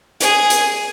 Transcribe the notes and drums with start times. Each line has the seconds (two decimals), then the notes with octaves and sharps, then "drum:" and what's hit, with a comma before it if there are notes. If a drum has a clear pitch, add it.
0.20 G#4, drum: hi-hat
0.50 drum: hi-hat